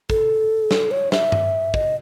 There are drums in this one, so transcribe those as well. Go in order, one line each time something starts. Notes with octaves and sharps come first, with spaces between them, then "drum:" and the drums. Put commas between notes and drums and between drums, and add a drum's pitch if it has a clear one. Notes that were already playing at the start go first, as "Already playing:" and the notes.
A4, drum: kick
drum: snare
C#5
E5, drum: snare
drum: tom G2
D#5, drum: kick